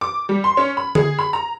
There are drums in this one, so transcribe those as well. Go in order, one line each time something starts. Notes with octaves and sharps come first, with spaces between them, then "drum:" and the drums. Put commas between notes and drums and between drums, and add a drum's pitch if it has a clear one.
D6
G3
C6
C#4
B5
G#4, drum: tom D3
B5
A#5